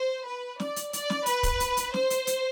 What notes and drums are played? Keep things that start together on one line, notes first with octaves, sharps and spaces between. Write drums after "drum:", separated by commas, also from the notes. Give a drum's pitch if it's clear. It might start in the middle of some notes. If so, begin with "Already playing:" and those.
Already playing: C5
B4
D5, drum: snare
drum: hi-hat
D5, drum: hi-hat
drum: snare
B4, drum: hi-hat
drum: kick, hi-hat
drum: hi-hat
drum: hi-hat
C5, drum: snare
drum: hi-hat
drum: hi-hat